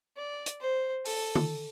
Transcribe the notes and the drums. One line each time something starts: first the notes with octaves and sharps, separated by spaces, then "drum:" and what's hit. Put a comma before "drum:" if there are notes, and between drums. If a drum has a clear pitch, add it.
D5
drum: hi-hat
C5
A4, drum: open hi-hat
drum: tom D3